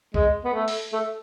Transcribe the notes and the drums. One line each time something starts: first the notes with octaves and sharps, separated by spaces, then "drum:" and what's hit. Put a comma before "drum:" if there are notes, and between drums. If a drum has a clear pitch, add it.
G#3, drum: kick C2
B3
A3
drum: open hi-hat
A3